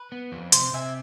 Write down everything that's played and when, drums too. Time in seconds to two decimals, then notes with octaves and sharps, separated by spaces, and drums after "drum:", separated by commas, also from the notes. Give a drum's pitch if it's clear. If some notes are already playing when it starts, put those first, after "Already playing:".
Already playing: B4
0.12 B3
0.32 F2
0.52 C3 C5, drum: hi-hat
0.73 C3 E5 G#5